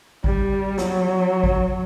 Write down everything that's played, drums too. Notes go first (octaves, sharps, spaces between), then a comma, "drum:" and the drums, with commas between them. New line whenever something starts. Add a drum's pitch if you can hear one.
G3, drum: kick G#1
F#3, drum: snare
drum: kick G#1